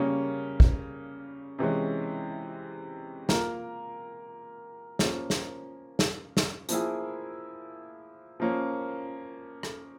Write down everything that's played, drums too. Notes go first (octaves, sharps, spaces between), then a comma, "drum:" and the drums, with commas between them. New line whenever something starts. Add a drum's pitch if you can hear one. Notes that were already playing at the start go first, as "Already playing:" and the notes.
Already playing: C#3 G3 A#3 C#4
drum: kick
C3 E3 G#3 C#4
A#3 F4 A#4, drum: snare
F3 A#3 C#4, drum: snare
drum: snare
drum: snare
drum: snare
F3 A#3 E4 G#4, drum: hi-hat
F3 A#3 C#4
drum: rim click